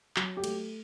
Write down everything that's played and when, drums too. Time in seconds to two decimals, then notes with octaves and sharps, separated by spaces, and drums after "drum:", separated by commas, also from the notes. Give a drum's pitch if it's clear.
0.16 F#3, drum: clap
0.37 G4
0.44 A3, drum: cymbal